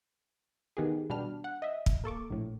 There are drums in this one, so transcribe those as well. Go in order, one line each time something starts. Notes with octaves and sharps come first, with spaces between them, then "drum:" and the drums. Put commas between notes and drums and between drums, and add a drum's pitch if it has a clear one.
D#3 B3 G4 G#4
B2 G3 D4 F6
F#5
D#5 E5
drum: kick
A#3 A4 C#6 D6
A#1 A2